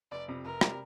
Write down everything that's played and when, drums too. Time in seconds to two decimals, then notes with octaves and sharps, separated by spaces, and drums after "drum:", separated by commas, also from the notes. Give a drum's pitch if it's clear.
0.11 F1 D5
0.28 F2 C3 G3
0.45 F1 A#4
0.61 C3 G3, drum: rim click